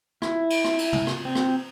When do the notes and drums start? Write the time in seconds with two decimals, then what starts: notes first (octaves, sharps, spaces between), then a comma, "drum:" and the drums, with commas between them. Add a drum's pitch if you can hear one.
0.22 E4, drum: rim click
0.50 drum: cymbal
0.64 drum: rim click
0.79 drum: cymbal
0.93 drum: tom
1.07 drum: rim click
1.25 C4
1.35 drum: rim click